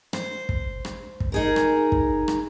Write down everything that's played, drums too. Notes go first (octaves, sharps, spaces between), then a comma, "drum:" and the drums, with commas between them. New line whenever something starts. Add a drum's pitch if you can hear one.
C5, drum: rim click
drum: kick
drum: rim click
drum: kick
D#4 G#4 A#4
drum: rim click
drum: kick
drum: rim click